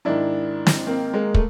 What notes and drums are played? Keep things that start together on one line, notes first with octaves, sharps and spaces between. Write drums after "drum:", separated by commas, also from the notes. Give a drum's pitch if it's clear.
G#2 D#3 D4 E4
drum: snare
A#3 C4
G#3 A#3
A3, drum: kick